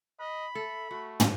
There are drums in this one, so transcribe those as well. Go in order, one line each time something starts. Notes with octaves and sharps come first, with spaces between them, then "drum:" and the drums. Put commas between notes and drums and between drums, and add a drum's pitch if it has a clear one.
D#5 B5
A4 E5
A3 F#4
drum: tom